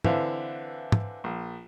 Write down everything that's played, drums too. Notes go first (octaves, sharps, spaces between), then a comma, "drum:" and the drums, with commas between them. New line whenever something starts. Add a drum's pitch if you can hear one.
D3 E3 C4 B4 E5 F5, drum: tom
drum: tom
A#1